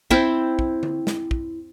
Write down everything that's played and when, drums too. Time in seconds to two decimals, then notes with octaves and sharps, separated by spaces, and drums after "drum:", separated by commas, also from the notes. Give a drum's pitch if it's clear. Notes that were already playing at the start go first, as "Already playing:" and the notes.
0.11 C4 E4 G5, drum: kick
0.59 drum: kick
0.83 drum: tom D3
1.07 drum: snare
1.31 drum: kick